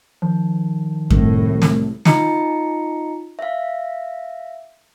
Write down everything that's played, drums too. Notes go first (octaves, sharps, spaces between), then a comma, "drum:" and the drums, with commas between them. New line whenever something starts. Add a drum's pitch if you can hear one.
D#3 F3
C2 A2, drum: kick F#2
drum: snare
D#4 F4 D#5 A#5 C#7, drum: snare
E5 F5